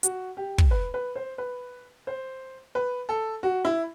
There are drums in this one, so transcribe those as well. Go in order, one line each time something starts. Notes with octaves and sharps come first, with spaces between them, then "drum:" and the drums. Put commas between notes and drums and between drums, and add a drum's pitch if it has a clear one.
F#4, drum: hi-hat
G4
drum: kick
B4
B4
C5
B4
C5
B4
A4
F#4
E4